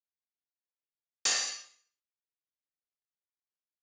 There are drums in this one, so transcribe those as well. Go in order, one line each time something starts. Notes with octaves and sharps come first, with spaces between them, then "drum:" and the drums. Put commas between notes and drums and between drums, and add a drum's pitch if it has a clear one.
G#3 B4
B2 A3
drum: open hi-hat
D4